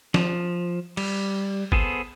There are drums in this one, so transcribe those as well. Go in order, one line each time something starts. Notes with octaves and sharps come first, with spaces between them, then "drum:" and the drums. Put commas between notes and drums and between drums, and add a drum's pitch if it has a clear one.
F3, drum: snare F3
G3, drum: cymbal
B3 G#4 A4 C5, drum: kick G1